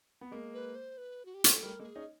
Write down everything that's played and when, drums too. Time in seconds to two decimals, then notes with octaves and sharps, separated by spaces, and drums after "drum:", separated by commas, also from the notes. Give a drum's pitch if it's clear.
0.21 B3
0.31 G#3 A#3
0.54 B4
0.75 C5
0.98 B4
1.25 F#4
1.34 G4
1.44 G#4, drum: hi-hat
1.53 A4
1.63 G3 A3 A#4
1.79 G#3 A#3 A4
1.85 G#4
1.95 C#4 D#4